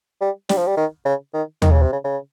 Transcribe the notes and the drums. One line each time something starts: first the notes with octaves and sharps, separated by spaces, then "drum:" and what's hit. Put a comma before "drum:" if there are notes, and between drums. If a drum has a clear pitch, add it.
G3
G3, drum: snare
F3
G3
D#3
C#3
D#3
D#3, drum: tom D#2
C#3
C3
C#3
C#3